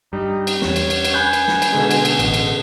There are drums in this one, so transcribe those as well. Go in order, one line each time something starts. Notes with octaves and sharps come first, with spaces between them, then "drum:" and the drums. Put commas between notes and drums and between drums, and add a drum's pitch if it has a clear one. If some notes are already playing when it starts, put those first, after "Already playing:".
G2 G3 D#4
drum: cymbal
E2 C4 C#5, drum: snare
drum: cymbal
drum: cymbal
drum: cymbal
G#5 B5 F#6 G6
drum: cymbal
drum: snare
drum: cymbal
B2 D3 G#3
drum: cymbal
drum: cymbal
A1, drum: cymbal
drum: cymbal